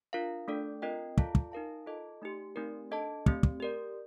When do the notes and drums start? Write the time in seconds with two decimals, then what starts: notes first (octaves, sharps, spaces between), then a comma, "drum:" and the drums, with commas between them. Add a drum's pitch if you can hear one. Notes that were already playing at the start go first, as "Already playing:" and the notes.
0.13 D4 F4 A#4 F5
0.48 A3 D4 A4 D5
0.82 C4 F4 A#4 D#5 G5
1.17 F4 A4 D5 F5 A5, drum: kick
1.35 drum: kick
1.52 D#4 A#4 F5 A5
1.86 F4 A4 D#5 A5
2.22 A3 D#4 G4
2.56 A3 C4 D#4 G4 A#4
2.91 D4 A4 D#5 A5
3.26 A3 C4 G4, drum: kick
3.43 drum: kick
3.60 G4 A#4 D5